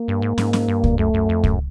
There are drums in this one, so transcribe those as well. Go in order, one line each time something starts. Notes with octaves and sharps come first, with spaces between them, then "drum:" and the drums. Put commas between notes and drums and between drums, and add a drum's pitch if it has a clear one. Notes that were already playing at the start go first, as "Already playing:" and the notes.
Already playing: A#3
G2
G#2
G#2, drum: snare
drum: snare
G2
drum: kick C#2
F#2 A3
F#2
F2
F#2, drum: kick C#2